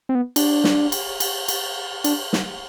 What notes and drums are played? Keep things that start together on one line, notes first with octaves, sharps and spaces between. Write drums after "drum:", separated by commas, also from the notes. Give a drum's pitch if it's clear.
C4
B3
D4, drum: cymbal
drum: snare
drum: cymbal
drum: cymbal
drum: cymbal
D4, drum: cymbal
drum: snare